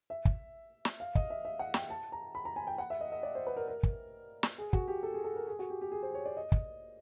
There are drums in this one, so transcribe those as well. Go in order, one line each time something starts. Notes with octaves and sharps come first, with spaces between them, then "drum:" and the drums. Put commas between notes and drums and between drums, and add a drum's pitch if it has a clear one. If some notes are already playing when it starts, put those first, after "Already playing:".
E5
drum: kick
drum: snare
F5
D#5, drum: kick
E5
E5
F#5
G5, drum: snare
A5
A#5
B5
A#5
G#5
G5
F#5
E5
D#5
D#5
D5
C5
B4
A#4
A#4
drum: kick
drum: snare
G#4
F#4, drum: kick
G4
A4
G#4
A4
A#4
G#4
F#4
G4
G4
G#4
C5
C#5
D5
D#5
drum: kick